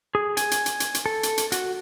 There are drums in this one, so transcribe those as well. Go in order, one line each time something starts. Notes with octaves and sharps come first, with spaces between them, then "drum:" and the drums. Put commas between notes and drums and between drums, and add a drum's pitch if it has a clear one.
G#4
G#5, drum: hi-hat
drum: hi-hat
drum: hi-hat
drum: hi-hat
drum: hi-hat
A4
drum: hi-hat
drum: hi-hat
F#4, drum: hi-hat